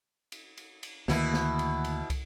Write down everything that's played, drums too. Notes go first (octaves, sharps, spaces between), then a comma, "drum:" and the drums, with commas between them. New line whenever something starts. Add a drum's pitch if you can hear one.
drum: cymbal
drum: cymbal
drum: cymbal
D2 B2 D#3 A#3 E4, drum: snare
drum: snare
drum: cymbal
drum: cymbal
drum: kick, cymbal